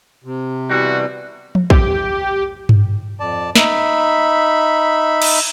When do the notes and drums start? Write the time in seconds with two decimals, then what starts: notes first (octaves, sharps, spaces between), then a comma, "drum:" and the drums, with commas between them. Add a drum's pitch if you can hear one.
0.24 C3
0.70 B2 E3 G3 F#4
1.55 drum: tom F3
1.70 G4, drum: kick A#1
2.69 drum: tom G2
3.20 F2 D5 A5
3.55 D#4 E5 B5, drum: snare
5.22 drum: cymbal